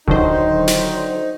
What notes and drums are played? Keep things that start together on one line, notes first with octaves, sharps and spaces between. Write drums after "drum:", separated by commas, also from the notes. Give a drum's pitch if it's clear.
D3 D#3 F#3 D#4 C5, drum: kick D1
drum: snare